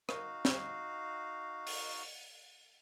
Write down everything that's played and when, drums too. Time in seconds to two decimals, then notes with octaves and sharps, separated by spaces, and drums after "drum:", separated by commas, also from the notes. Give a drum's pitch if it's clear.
0.09 D#4 F#4 F5, drum: rim click
0.45 drum: snare
1.67 drum: open hi-hat